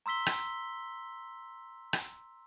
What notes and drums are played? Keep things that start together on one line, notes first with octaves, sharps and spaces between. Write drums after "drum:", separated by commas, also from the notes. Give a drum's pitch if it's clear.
A#5 C6 E6 B6 G7
drum: rim click
drum: rim click